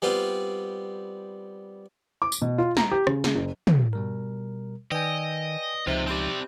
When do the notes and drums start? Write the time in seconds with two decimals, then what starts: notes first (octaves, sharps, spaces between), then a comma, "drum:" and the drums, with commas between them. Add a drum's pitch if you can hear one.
0.02 G3 B3 C4 F4
2.22 D6
2.32 drum: tambourine
2.42 B2
2.58 F4
2.77 A#5, drum: snare
2.92 G4
3.07 C#3, drum: rim click
3.24 C#3, drum: snare
3.35 F#1
3.67 drum: tom
3.93 B2 G3 A#4
4.91 D#3 B4 D5 D#5 G5 G#5 D7
5.87 C#2 C3 F3 D#4 C5 E5 F#6
6.07 C4 G4 D5 B5 G6